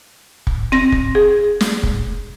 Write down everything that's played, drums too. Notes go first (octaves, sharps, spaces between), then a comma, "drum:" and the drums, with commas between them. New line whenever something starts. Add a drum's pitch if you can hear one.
drum: kick
C4 A#6
drum: kick
G#4
drum: snare
drum: kick